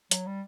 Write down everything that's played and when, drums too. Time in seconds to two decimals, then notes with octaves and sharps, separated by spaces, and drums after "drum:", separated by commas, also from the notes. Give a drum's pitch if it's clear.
0.11 F#3, drum: hi-hat
0.26 G3